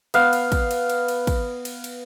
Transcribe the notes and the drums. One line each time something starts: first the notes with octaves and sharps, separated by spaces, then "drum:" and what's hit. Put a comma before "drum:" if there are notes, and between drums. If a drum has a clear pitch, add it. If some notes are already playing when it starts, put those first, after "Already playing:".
B3 F5, drum: cymbal
drum: cymbal
drum: kick, cymbal
drum: cymbal
drum: cymbal
drum: cymbal
drum: kick, cymbal
drum: cymbal
drum: cymbal